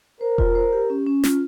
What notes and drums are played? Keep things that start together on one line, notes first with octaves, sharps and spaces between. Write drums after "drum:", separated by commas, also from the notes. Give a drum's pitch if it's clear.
A#4 C5
F4, drum: kick E1
C5
G4
C#4
C#4
F4, drum: snare